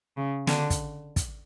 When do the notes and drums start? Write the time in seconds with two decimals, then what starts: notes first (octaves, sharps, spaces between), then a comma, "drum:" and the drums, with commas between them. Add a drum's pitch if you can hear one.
0.17 C#3
0.47 D3, drum: snare
0.70 drum: kick, hi-hat
1.16 drum: kick, hi-hat